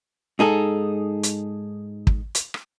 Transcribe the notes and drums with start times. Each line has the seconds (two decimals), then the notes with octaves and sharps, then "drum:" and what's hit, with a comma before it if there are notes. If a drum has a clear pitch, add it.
0.39 G#2 D#4 G#4 A4
1.23 drum: hi-hat
2.07 drum: kick
2.35 drum: hi-hat
2.54 drum: rim click